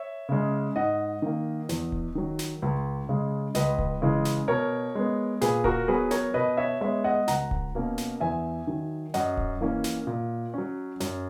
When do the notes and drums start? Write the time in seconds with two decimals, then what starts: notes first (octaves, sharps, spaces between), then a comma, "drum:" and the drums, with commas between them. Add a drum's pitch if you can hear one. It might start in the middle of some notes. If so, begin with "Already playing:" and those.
Already playing: C#5 E5
0.29 C#3 G#3 C#4
0.76 G#2 D#5 F#5
1.22 D#3 A#3
1.69 E2, drum: snare
1.92 drum: kick D1
2.15 D#3 F#3
2.39 drum: snare
2.62 C#2
3.09 C#3 G#3
3.55 C#2 B4 D#5, drum: snare
3.79 drum: kick D1
4.02 C#3 E3 G#3
4.25 drum: snare
4.48 B2 A#4 C#5
4.95 G#3 B3
5.41 A#2 G#4 B4, drum: snare
5.64 F#4 A#4, drum: kick D1
5.88 F#3 B3 G#4 B4
6.11 A#4 C#5, drum: snare
6.34 B2 B4 D#5
6.57 C#5 E5
6.81 G#3 B3 C#5 E5
7.04 D#5 F#5
7.28 C#2 F#5 A#5, drum: snare
7.51 drum: kick D1
7.75 B2 A#3 C#4
7.98 drum: snare
8.20 E2 E5 G#5
8.67 D#3 F#3
9.14 F#2 D#5 F#5, drum: snare
9.37 drum: kick D1
9.61 E3 A#3 C#4
9.84 drum: snare
10.07 A#2
10.54 F#3 C#4
11.00 F#2, drum: snare